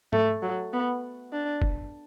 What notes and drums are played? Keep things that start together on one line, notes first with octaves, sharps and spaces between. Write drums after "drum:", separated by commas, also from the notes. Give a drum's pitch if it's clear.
A3, drum: tom G#2
F#3
B3
D4
drum: kick